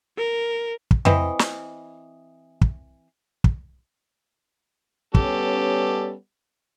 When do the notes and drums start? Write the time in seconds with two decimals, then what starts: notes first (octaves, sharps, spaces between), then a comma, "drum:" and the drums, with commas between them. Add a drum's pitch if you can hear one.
0.18 A#4
0.91 drum: kick
1.05 E3 C4 B4 D#5, drum: tom F2
1.39 drum: snare
2.61 drum: kick
3.44 drum: kick
5.15 G3 B3 C#4 G4 A4, drum: kick